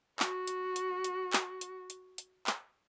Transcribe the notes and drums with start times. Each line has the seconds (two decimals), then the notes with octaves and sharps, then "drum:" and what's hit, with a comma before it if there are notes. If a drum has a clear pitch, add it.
0.20 F#4, drum: clap
0.47 drum: hi-hat
0.76 drum: hi-hat
1.04 drum: hi-hat
1.33 drum: clap
1.61 drum: hi-hat
1.90 drum: hi-hat
2.18 drum: hi-hat
2.47 drum: clap